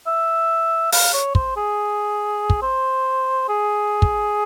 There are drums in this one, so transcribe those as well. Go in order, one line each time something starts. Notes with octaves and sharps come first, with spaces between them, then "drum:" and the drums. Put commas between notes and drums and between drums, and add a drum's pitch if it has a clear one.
E5
F5, drum: open hi-hat
C#5
C5, drum: kick
G#4
drum: kick
C5
G#4
drum: kick